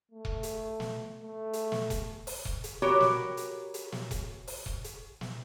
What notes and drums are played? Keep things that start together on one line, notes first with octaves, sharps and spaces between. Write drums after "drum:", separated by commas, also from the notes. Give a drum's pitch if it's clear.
A3
drum: kick E1
drum: hi-hat
drum: snare
A3
drum: hi-hat
drum: snare
drum: kick E1, hi-hat
drum: open hi-hat
drum: kick E1
drum: hi-hat
F#4 G4 A#4 B4 C#5
drum: snare
drum: hi-hat
drum: hi-hat
drum: snare
drum: kick E1, hi-hat
drum: open hi-hat
drum: kick E1
drum: hi-hat
drum: snare